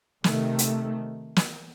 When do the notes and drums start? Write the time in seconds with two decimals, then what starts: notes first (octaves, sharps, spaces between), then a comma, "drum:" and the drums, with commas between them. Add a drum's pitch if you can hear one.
0.24 C3 D#3 A3, drum: snare
0.59 drum: hi-hat
1.36 drum: snare